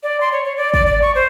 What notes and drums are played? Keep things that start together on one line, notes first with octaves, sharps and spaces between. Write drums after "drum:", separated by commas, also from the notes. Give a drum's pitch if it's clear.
D5
C6
C#5
C#5
D5
D5, drum: kick
D5
C#6
C5